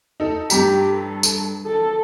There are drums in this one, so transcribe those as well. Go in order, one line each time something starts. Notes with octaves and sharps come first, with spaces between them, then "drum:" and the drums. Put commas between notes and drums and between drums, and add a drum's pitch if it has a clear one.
D#4 A4
G2 G4 A#5 B6, drum: tambourine
A4
drum: tambourine
A4